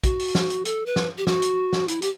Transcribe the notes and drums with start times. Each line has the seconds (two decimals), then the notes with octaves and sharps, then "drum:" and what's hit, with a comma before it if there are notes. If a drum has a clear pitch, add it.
0.04 F#4, drum: kick, hi-hat
0.19 drum: open hi-hat
0.35 drum: snare
0.50 drum: hi-hat
0.65 A4, drum: hi-hat
0.86 B4
0.96 drum: snare
1.18 G4
1.27 F#4, drum: snare
1.42 drum: hi-hat
1.73 drum: snare
1.88 E4, drum: hi-hat
2.02 G4, drum: hi-hat